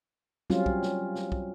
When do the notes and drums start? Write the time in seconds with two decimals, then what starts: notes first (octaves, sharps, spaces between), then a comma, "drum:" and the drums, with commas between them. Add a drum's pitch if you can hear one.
0.50 F#3 G3 C4 C#4 F4, drum: snare
0.66 drum: kick
0.83 drum: snare
1.15 drum: snare
1.32 drum: kick